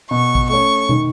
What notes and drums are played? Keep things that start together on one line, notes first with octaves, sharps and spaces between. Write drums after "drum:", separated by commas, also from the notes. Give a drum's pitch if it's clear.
B2 C#6
drum: kick A1
A3 C#4 C#6
D#3, drum: tom